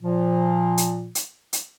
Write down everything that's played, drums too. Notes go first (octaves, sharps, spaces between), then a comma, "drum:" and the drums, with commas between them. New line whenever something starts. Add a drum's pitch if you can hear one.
A#2 F3
drum: hi-hat
drum: hi-hat
drum: hi-hat